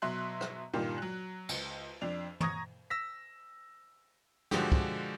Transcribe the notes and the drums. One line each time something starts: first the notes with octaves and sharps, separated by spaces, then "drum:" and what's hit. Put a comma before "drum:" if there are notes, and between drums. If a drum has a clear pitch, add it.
B2 F#3 E5 C6 F#6
drum: rim click
G2 A#2 D#3 F4 G4
F#3 F#6
C#2, drum: cymbal
F2 D4 F7
A#5 C#6 D#6 G#6 A#6, drum: tom
E6 A#6 B6
D3 F3 G#3 F#4 G4, drum: snare
drum: kick